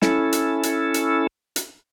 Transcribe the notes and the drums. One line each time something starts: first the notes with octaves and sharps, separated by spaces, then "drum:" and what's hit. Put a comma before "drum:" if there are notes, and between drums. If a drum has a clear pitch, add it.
C#4 E4 A4, drum: snare
drum: hi-hat
drum: hi-hat
drum: hi-hat
drum: hi-hat